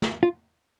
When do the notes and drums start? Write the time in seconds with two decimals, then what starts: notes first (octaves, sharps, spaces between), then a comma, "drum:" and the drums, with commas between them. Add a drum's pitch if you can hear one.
0.02 drum: snare
0.23 F4